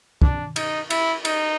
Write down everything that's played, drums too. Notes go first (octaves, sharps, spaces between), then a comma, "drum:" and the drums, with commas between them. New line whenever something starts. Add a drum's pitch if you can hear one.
D4, drum: kick
D#4, drum: cymbal
E4, drum: cymbal
D#4, drum: cymbal